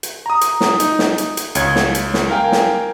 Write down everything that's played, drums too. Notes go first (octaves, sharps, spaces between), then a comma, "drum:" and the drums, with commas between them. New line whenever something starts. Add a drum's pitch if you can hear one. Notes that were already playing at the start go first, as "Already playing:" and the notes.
drum: hi-hat
A#5 D#6
drum: hi-hat
drum: snare
D#4, drum: hi-hat
drum: snare
drum: hi-hat
drum: hi-hat
C#2 C#5 G#6, drum: hi-hat
drum: snare
drum: hi-hat
drum: snare
A#4 F5 G5 G#5
drum: snare